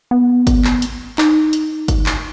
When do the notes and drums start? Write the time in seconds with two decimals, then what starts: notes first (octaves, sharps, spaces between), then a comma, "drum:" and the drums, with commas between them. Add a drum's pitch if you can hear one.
0.11 B3
0.47 drum: kick G1, hi-hat
0.64 drum: clap
0.82 drum: hi-hat
1.18 D#4, drum: clap
1.53 drum: hi-hat
1.88 drum: kick G1, hi-hat
2.06 drum: clap